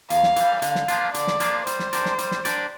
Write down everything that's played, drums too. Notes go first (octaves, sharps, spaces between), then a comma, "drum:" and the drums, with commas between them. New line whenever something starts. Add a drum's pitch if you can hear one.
E2 F5, drum: hi-hat
drum: snare
E3 G3, drum: hi-hat
D3 F5, drum: hi-hat
drum: snare
F3 A#3 D4 F4, drum: hi-hat
D3 D5, drum: hi-hat
drum: snare
F3 A#3 D4 F4, drum: hi-hat
G3 C5, drum: hi-hat
drum: snare
D4 G4 A#4 D5, drum: hi-hat
drum: snare
G3, drum: hi-hat
drum: snare
D4 G4 A#4 D5, drum: hi-hat